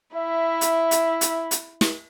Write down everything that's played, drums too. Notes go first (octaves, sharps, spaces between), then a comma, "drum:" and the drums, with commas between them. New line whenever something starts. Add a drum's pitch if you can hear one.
E4 E5
drum: hi-hat
drum: hi-hat
drum: hi-hat
drum: hi-hat
drum: snare